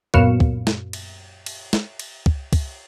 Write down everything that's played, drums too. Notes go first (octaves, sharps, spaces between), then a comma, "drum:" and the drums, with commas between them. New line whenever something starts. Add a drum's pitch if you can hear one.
F#2 A#2 B3 F5 C#7 E7, drum: kick
drum: kick
drum: snare
drum: cymbal
drum: cymbal
drum: snare
drum: cymbal
drum: kick
drum: kick, cymbal